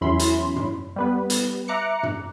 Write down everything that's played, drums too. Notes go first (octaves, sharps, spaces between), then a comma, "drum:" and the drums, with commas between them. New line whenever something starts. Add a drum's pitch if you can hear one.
E2 F#3 C#4 E4 B5 C6
drum: hi-hat
drum: tom
G3 B3 B4
drum: hi-hat
E5 A#5 D6 F#6 C#7
drum: tom